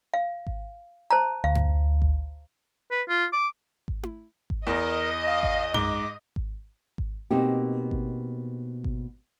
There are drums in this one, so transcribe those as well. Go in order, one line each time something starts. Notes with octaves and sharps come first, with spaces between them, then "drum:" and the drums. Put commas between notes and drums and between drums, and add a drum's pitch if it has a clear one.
F5
drum: kick G#1
C5 A5 A#5
D2 F5
drum: tom F#2
drum: kick G#1
B4
F4
D6
drum: kick G#1
drum: tom E4
drum: kick G#1
E2 A#4 D#5
F5
drum: kick G#1
G#2 D6 G7, drum: tom F#2
drum: kick G#1
drum: kick G#1
B2 A#3 C4 D#4 G4
drum: kick G#1
drum: kick G#1